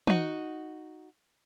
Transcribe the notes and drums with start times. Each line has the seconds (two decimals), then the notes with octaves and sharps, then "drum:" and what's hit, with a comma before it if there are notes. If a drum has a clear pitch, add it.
0.07 D#4 F#4, drum: tom